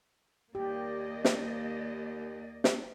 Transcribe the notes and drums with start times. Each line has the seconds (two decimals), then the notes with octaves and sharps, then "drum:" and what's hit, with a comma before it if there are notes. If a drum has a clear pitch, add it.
0.55 D#2 A#3 G4 D5 D#5
1.25 drum: snare
2.64 drum: snare